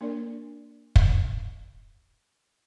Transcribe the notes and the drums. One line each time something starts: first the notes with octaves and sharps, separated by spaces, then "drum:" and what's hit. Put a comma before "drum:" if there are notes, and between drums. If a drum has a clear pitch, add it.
A#3 D4 A#4 D5
drum: kick